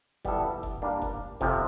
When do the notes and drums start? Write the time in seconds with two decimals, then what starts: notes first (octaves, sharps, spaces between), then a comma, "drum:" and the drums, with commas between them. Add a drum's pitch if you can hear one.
0.25 G3 B3 E4 A4, drum: kick F1
0.63 drum: kick F1
0.82 G3 A#3 D4
1.02 drum: kick F1
1.41 F2 C3 F3, drum: kick F1